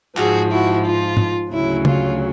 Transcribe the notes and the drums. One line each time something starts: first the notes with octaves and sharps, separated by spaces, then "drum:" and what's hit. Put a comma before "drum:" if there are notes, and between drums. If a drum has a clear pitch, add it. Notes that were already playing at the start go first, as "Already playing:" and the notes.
G#2 F3 F#4 G#4, drum: clap
E4 F#4
F4
drum: tom
D2 C#3 F#3 E4
F4, drum: tom